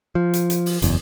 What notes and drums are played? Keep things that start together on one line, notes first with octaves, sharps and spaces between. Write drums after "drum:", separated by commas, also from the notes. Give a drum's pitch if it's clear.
F3
drum: hi-hat
drum: hi-hat
drum: open hi-hat
F#1 E2, drum: hi-hat